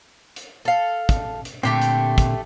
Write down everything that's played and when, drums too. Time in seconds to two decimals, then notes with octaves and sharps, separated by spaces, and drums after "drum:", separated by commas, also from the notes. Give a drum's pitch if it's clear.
0.36 drum: hi-hat
0.65 A4 F5
1.09 drum: kick, hi-hat
1.45 drum: hi-hat
1.63 A#2 D3 A3 C4 G4 G5
1.81 drum: hi-hat
2.18 drum: kick, hi-hat